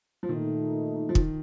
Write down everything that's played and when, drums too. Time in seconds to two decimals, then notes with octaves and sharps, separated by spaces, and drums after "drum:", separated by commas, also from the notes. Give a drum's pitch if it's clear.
0.23 F3
0.29 A#2 D#3 A3 D#4
1.09 F3
1.15 D#3, drum: kick